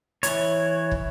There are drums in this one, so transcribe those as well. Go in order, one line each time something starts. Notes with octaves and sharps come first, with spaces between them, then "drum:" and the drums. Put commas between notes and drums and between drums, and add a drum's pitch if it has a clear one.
E3 C#5, drum: hi-hat
drum: kick